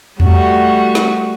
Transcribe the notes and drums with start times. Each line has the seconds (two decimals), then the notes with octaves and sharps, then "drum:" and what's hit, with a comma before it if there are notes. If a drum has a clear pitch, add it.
0.20 G3 A3 F#4, drum: tom E2
0.95 drum: snare